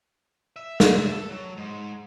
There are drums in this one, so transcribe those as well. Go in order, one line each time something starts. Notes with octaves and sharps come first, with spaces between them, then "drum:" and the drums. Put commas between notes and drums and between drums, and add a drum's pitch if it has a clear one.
E5
F#5, drum: snare
E5
A4
F#3
G#2